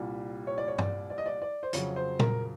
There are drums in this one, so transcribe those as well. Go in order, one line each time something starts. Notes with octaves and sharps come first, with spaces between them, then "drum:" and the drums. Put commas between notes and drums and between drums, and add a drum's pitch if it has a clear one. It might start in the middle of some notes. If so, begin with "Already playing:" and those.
Already playing: C2 A#2 G3
C#5
D5
C#5
D5, drum: tom G2
D5
D#5
D5
D5
C5
F2 C#3 F#3 C#5, drum: hi-hat
C5
A#4, drum: tom